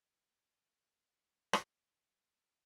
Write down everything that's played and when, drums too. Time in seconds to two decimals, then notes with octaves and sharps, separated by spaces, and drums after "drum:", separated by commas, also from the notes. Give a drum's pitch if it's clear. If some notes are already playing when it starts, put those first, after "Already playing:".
0.08 C5 E5 G5
1.53 drum: rim click